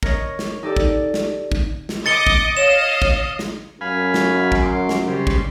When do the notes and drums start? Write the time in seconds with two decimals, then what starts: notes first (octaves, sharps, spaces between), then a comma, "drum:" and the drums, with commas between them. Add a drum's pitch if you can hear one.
0.03 A#4 C#5 D#5, drum: kick
0.39 drum: snare
0.63 D#4 G4 A4 D5
0.76 drum: kick
1.14 drum: snare
1.52 drum: kick
1.89 drum: snare
2.06 D#5 D6 A6 C#7 G7
2.27 drum: kick
2.57 C#5 D#5 F5 E7
3.02 drum: kick
3.39 drum: snare
3.81 F#2 F5 G#5 B5
4.14 drum: snare
4.52 drum: kick
4.63 C6 D6
4.89 drum: snare
5.08 C#3 G3 C5
5.27 drum: kick